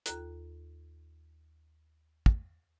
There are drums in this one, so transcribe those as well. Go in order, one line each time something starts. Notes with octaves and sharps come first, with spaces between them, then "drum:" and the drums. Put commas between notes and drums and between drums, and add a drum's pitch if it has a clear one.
D#2 F4 A4 A#5 F#6, drum: hi-hat
drum: kick